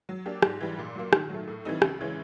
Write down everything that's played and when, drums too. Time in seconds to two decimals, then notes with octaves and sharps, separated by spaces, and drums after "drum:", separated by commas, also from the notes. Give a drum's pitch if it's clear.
0.09 F#3
0.26 A#3 D4 G4
0.43 G#2, drum: rim click
0.61 E3 G3
0.79 A#2
0.95 F#3 A#3
1.13 D#3, drum: rim click
1.30 F#3 A3
1.47 A2
1.65 E3 G3 C4 D#4
1.82 C#2, drum: rim click
2.00 C#3 E3 G#3 C#4